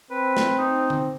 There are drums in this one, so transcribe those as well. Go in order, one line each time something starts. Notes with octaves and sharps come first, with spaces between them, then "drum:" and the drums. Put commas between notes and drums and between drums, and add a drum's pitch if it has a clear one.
C4 B4
drum: snare
D#4
drum: tom D3